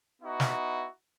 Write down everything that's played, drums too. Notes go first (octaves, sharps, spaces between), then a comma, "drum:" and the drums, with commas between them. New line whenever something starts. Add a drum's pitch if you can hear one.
B3 D#4 E4 F#4
drum: snare